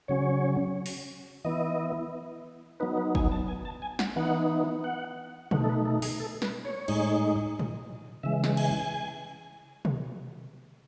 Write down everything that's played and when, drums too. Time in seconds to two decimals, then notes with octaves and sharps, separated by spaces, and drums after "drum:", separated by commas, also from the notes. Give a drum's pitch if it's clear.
0.08 C#3 F#3 C#4 C#5
0.86 drum: open hi-hat
1.45 E3 B3 E4 D#5
2.80 F#3 B3 D#4 B4
2.97 B4
3.15 G#5, drum: kick
3.32 A5
3.48 G#5
3.65 A5
3.82 G#5
3.99 F#5, drum: snare
4.16 E3 B3 D#4 F#5
4.84 F#5
5.51 B2 A3 D#4 F#5, drum: tom B2
5.64 A4
5.69 B4
5.85 A4
6.02 G#4, drum: open hi-hat
6.20 A4
6.42 B4, drum: snare
6.65 C#5
6.88 A2 G#3 D#4, drum: cymbal
7.60 drum: tom A2
8.23 C#3 E3 G#3 E5
8.44 drum: snare
8.57 G#5, drum: cymbal
9.85 drum: tom B2